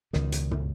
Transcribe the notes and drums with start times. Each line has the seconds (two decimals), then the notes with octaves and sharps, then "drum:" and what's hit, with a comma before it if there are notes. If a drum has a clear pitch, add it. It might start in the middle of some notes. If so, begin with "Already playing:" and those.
0.13 C#2 B2 D#3, drum: snare
0.32 drum: hi-hat
0.51 drum: tom